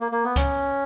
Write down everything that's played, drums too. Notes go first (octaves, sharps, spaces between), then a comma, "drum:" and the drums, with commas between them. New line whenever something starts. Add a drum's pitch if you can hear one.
A#3
A#3
B3
C#4, drum: kick C#2, hi-hat